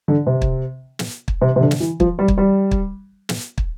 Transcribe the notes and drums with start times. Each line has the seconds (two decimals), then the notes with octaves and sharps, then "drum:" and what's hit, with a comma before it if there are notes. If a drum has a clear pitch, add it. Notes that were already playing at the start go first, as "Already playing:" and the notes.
0.08 D3
0.27 C3
0.42 drum: kick
0.99 drum: snare
1.28 drum: kick
1.42 C3
1.56 C3
1.61 D3
1.71 drum: snare
1.80 E3
2.00 F3, drum: kick
2.19 G3
2.28 drum: kick
2.38 G3
2.71 drum: kick
3.29 drum: snare
3.58 drum: kick